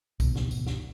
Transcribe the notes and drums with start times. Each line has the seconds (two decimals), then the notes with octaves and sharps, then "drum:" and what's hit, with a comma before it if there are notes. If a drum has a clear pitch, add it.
0.20 D1 G#1 C#2 B2, drum: kick, tambourine
0.35 drum: snare
0.51 drum: tambourine
0.66 drum: snare